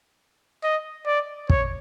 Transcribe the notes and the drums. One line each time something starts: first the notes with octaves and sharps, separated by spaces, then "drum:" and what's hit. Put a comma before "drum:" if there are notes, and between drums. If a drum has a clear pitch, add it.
D#5
D5
C#5, drum: kick